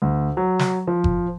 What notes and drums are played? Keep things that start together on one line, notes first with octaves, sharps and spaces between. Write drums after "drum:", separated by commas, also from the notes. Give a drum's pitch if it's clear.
D2
F#3
drum: snare
F3
drum: kick F#1